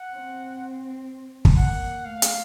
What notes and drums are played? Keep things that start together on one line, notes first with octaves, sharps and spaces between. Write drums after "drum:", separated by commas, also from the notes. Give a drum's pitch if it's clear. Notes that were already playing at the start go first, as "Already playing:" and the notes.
Already playing: F#5
C4
drum: kick
A#3 F#5
A3 F5
drum: hi-hat